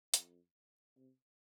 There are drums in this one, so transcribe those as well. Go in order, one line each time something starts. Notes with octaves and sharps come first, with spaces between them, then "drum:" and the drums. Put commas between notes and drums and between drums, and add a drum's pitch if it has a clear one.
F2, drum: hi-hat
C3